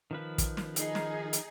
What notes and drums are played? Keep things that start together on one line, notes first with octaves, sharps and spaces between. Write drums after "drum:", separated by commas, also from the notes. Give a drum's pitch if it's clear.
D#3 F3 B4
drum: kick, hi-hat
drum: snare
D#4 G#4, drum: hi-hat
drum: snare
drum: hi-hat